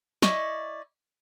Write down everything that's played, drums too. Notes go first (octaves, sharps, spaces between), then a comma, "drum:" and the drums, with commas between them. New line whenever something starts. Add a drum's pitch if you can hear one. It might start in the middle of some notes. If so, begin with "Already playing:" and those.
E4 D5 D#5 C#6, drum: snare